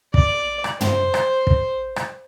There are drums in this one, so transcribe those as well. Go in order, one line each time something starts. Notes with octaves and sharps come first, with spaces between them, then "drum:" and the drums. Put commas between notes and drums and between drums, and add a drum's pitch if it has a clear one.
D5, drum: kick
drum: rim click
C5, drum: tom
drum: rim click
drum: kick
drum: rim click